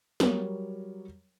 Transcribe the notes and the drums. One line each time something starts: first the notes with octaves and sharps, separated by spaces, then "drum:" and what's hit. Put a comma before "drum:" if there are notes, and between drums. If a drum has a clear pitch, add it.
F#3 G3 A#4 C#5, drum: snare